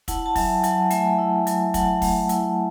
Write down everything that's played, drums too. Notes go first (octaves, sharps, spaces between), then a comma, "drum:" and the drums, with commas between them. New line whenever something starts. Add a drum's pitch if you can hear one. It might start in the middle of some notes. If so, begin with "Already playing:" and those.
E4 F#5 A5, drum: kick, hi-hat
A5
F#3 E5 G#5, drum: kick, open hi-hat
F#3 F#5 A5, drum: hi-hat
A3 E5 G#5, drum: hi-hat
E4
F#3, drum: hi-hat
F#3 F#5 A5, drum: kick, hi-hat
A3, drum: kick, open hi-hat
E4, drum: hi-hat